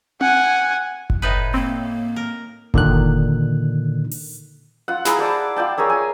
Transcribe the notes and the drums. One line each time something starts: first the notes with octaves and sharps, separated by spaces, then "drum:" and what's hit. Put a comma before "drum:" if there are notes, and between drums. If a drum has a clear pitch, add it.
F#5 G#5, drum: tom C4
drum: kick F#1
A2 D#4 B4
A#3 C4
A#4
A#2 D3 D#3 F#6, drum: kick F#1
drum: open hi-hat
F4 F#5
E4 G#4 C5 A#5, drum: snare
C5 D5 A5 D6
F4 D5 G5 A5
G#4 A#4 C#5 E5
G#5